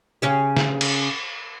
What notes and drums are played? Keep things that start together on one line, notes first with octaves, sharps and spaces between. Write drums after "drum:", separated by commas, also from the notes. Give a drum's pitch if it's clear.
C#3 C#4 G4
drum: snare
drum: cymbal